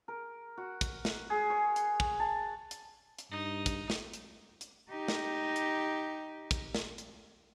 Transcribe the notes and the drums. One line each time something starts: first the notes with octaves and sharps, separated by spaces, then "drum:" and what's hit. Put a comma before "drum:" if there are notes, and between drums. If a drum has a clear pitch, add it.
A#4
F#4
drum: kick, hi-hat
drum: snare
G#4
C#5
drum: hi-hat
drum: kick
A5
drum: hi-hat
drum: hi-hat
G2 D#4
drum: kick, hi-hat
drum: snare
drum: hi-hat
drum: hi-hat
D#4 G4
drum: snare
drum: hi-hat
drum: kick, hi-hat
drum: snare
drum: hi-hat